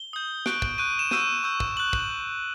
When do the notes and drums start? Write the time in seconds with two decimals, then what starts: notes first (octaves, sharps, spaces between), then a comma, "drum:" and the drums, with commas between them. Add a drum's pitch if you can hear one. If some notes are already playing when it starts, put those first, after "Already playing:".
Already playing: G7
0.13 D#6 G6
0.46 C#6 F#6 D7, drum: snare
0.62 drum: kick
0.78 C#6 F#6 D#7
0.99 E7
1.11 C#6 E6 G6 D#7, drum: snare
1.44 C#6 E6 G6
1.60 drum: kick
1.77 C#6 F#6 F#7
1.93 drum: kick